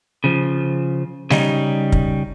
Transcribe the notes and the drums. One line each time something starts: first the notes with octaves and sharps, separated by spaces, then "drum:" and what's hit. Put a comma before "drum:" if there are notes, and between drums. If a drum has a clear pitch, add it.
C#3 F3
C#3 G3 D#4, drum: snare G3
drum: kick